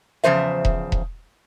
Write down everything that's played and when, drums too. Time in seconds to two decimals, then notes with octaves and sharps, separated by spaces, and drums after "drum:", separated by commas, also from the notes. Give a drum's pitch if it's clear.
0.24 E2 C#3 F3 C5 E5
0.65 drum: kick E1
0.92 drum: kick E1